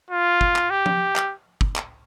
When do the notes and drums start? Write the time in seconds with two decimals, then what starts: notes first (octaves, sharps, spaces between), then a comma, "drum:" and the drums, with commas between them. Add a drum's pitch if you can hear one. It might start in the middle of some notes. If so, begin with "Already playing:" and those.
0.11 F4
0.41 drum: kick
0.56 drum: clap
0.71 G4
0.86 drum: tom F3
1.16 drum: clap
1.61 drum: kick
1.76 drum: clap